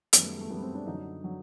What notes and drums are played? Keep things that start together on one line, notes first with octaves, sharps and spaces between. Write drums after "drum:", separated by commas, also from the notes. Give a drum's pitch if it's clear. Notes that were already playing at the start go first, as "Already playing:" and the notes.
F#2 D#3 G3 B3, drum: hi-hat
A3
G#3
A3
F#2 D#3 G3 B3
C4
D4
F#2 D3 F#3 D#4
D3 F#3